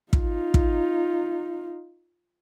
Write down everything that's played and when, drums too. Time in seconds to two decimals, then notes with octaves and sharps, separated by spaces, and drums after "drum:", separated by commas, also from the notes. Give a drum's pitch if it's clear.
0.13 D#4 F4, drum: kick
0.54 drum: kick